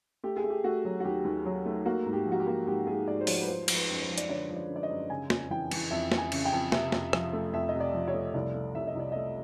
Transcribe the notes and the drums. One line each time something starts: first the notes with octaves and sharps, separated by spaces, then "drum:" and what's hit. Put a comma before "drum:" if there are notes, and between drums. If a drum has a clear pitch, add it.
A3 G4
G#4
A3
G4
A3 F#4
F#3
F#4
D#2 G4
D#2
F#3
A3
A#3 F#4
G#2
G4
F3
F#4
G4
A#3
G#2 G4
G#2 G#4
G#2 D5
C5
F3 C#5, drum: open hi-hat
B4
F3 C5
F3, drum: cymbal
B4
F#2 B4
C5
F3
D5, drum: hi-hat
D3 C#5
F3
D5
D3
D5
D#5
F#2
C#3 G#5
F2, drum: snare
E3 G5
E3, drum: cymbal
F2 E5
F2, drum: snare
G#5
C#3, drum: cymbal
G5
F2
C3 E5, drum: snare
F2, drum: snare
F3, drum: rim click
A3
F2 E5
D#5
C3
D5
F3
C#5
A3
C2 D5
A3
C2 E5
D#5
C2 D5
A3 D#5